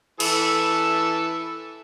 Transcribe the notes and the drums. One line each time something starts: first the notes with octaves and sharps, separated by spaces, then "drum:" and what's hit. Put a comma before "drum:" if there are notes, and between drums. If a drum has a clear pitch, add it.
E3 A4, drum: cymbal